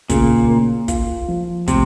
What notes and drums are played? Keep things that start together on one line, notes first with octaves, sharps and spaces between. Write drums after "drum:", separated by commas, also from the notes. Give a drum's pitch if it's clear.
A#2 C#3, drum: kick, hi-hat
A#3
F4, drum: kick, hi-hat
F3
A2 C3, drum: kick, hi-hat